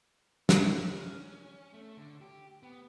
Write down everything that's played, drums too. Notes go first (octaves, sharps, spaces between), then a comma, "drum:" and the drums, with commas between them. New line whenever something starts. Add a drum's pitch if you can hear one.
E3, drum: snare
C#4
A3
D3
G4
B3